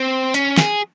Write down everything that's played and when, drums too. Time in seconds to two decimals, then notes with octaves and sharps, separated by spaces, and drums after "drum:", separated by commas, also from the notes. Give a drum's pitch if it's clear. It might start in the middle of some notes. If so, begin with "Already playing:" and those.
Already playing: C4
0.34 C#4, drum: hi-hat
0.58 G#4, drum: snare